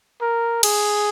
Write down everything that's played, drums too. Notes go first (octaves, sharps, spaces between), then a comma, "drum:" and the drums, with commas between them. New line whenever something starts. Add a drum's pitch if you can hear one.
A#4
G#4, drum: cymbal